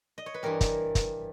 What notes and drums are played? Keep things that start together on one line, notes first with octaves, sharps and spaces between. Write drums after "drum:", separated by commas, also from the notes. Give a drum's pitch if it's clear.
D#5
C#5
B4
G2 E3 G3 A#4
drum: kick, hi-hat
drum: kick, hi-hat